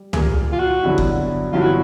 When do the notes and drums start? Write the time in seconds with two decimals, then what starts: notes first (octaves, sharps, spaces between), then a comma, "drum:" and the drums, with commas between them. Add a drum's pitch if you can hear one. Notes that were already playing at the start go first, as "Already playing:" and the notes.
Already playing: G3
0.13 A#2 G3 A#3 G#4, drum: tom
0.52 F4
0.59 F#4
0.83 G2 D3 F#3 B3 E4
0.98 drum: kick F#1
1.52 G2 D3 F#3 B3 E4 F4
1.62 F#4